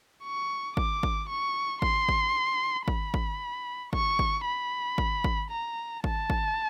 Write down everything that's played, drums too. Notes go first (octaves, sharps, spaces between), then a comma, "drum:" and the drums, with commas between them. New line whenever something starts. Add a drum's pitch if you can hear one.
C#6
D6, drum: kick G#1
drum: kick G#1
C#6
C6, drum: kick G#1
drum: kick G#1
B5, drum: kick G#1
drum: kick G#1
C#6, drum: kick G#1
drum: kick G#1
B5
drum: kick G#1
drum: kick G#1
A#5
A5, drum: kick G#1
drum: kick G#1